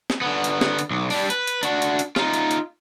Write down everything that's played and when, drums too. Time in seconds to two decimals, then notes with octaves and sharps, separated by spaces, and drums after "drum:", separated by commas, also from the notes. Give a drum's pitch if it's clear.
0.10 drum: snare
0.21 D3 B3
0.44 drum: hi-hat
0.61 drum: snare
0.79 drum: hi-hat
0.91 B1
1.10 G3 D4, drum: open hi-hat
1.30 B4, drum: hi-hat
1.47 drum: hi-hat
1.63 D4 F#4, drum: hi-hat
1.82 drum: hi-hat
1.99 drum: hi-hat
2.16 D#4 F4, drum: snare
2.33 drum: hi-hat
2.51 drum: hi-hat